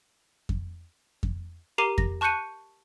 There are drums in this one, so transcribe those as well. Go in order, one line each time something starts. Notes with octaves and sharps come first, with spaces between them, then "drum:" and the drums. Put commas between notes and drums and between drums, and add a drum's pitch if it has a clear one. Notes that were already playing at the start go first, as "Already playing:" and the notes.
drum: kick F2
drum: kick F2
G4 A#4 A#5 D6 C7 D#7
A#6, drum: kick F2
A5 C#6 F#6 G6 C#7 D#7